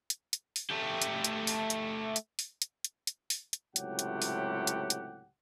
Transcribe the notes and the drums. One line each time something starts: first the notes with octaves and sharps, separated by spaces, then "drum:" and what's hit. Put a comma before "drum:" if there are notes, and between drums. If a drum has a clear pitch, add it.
drum: hi-hat
drum: hi-hat
drum: open hi-hat
A3 G4
drum: hi-hat
drum: hi-hat
drum: open hi-hat
drum: hi-hat
drum: hi-hat
drum: open hi-hat
drum: hi-hat
drum: hi-hat
drum: hi-hat
drum: open hi-hat
drum: hi-hat
C#2 A2 C3 F#3 G4 F#5, drum: hi-hat
drum: hi-hat
drum: open hi-hat
drum: hi-hat
drum: hi-hat